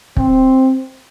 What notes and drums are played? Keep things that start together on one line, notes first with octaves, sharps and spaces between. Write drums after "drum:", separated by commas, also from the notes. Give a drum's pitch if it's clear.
C4, drum: kick